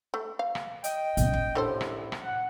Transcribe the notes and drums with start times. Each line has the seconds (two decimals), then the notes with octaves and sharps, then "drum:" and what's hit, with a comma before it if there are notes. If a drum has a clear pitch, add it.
0.14 A3
0.39 F5
0.55 drum: rim click
0.84 D#5 G5, drum: hi-hat
1.17 A#2 C#4, drum: hi-hat
1.33 drum: kick
1.55 C2 A2 D3 A4 C5
1.81 drum: rim click
2.12 drum: rim click
2.22 F#5